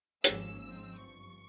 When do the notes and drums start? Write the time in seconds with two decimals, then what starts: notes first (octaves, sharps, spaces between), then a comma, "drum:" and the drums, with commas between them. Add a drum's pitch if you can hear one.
0.24 G#1 G#2 F3 A#3 C#4 E6, drum: hi-hat
0.62 G#2 F3 C4
0.99 G1 G2 F3 C#6